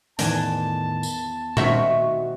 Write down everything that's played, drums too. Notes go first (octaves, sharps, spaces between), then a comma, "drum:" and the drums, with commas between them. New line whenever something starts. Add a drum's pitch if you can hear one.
E2 A2 D#3 D4 G#5 A5, drum: hi-hat
drum: tambourine
D#3 C4 F#4 E5 C#6, drum: tom A#2